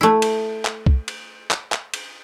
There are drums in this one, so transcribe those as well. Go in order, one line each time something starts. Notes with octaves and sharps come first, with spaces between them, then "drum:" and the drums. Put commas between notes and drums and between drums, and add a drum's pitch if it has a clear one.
A3 E4
drum: cymbal
drum: clap
drum: kick B1
drum: cymbal
drum: clap
drum: clap
drum: cymbal